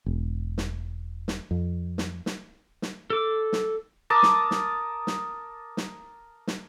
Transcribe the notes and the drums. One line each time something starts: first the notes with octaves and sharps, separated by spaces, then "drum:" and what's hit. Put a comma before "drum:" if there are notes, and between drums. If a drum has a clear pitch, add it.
E1
drum: snare
drum: snare
F2
drum: snare
drum: snare
drum: snare
A4 D6
drum: snare
A#4 A5 D6 D#6
drum: snare
drum: snare
drum: snare
drum: snare
drum: snare